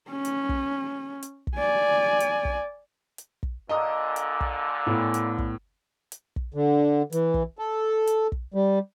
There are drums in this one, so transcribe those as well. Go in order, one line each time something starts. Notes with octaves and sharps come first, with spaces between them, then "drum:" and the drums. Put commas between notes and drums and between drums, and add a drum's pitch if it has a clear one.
C#4
drum: hi-hat
drum: kick
drum: hi-hat
drum: kick
D5 G#5
drum: hi-hat
drum: kick
drum: hi-hat
drum: kick
A#2 D3 D#5 A#5 D#6
drum: hi-hat
drum: kick
A2 B3
drum: hi-hat
drum: kick
drum: hi-hat
drum: kick
D3
E3, drum: hi-hat
drum: kick
A4
drum: hi-hat
drum: kick
G3